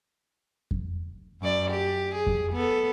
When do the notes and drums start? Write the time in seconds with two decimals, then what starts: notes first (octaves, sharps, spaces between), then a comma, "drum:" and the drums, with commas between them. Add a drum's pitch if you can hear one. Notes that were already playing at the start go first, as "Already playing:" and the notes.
0.71 drum: kick F2
1.42 F#2 D5
1.71 G4
2.15 G#4
2.27 drum: kick F2
2.53 B3 A4